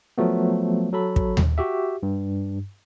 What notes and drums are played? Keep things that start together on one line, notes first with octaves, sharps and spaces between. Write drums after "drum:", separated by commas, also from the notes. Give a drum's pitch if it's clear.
F3 F#3 A3 B3
F#3 A4 B5
drum: kick
drum: tom D#2
F#4 G4 E5
G2